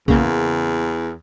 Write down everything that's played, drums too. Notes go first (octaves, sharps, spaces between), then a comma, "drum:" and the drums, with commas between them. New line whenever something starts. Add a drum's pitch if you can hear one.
E2 C#3 A#3, drum: kick B1